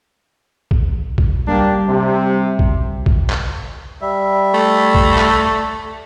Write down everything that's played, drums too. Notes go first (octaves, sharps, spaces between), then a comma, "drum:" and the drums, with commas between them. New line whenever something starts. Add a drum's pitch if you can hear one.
drum: kick A#1
drum: kick A#1
G3 A#3 D4 G4
C3
drum: kick A#1
drum: kick A#1
drum: clap
G3 E5
A3
drum: kick A#1
drum: clap